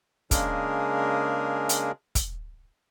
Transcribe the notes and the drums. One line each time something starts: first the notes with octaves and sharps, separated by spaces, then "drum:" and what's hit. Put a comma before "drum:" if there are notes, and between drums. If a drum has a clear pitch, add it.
C#3 G#3 A#3 D4 G#4 A#4, drum: kick, hi-hat
drum: hi-hat
drum: kick, hi-hat